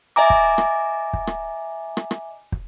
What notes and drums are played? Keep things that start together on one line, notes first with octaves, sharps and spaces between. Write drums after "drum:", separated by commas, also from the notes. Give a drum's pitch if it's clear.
D#5 E5 G#5 A#5 D6
drum: kick
drum: rim click
drum: kick
drum: rim click
drum: rim click
drum: rim click
drum: kick